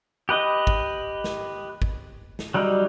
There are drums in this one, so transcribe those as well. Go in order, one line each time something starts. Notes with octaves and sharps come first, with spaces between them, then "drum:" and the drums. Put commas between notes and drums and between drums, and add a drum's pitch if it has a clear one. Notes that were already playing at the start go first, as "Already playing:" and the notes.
G4 B4 D#5
drum: kick G#1
drum: snare
drum: kick G#1
drum: snare
F#3 G3 D#4